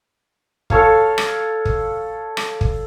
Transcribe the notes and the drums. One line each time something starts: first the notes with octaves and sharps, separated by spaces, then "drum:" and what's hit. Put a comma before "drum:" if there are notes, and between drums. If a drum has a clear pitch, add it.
A4 C#5 F5, drum: kick
drum: rim click
drum: kick
drum: rim click
drum: kick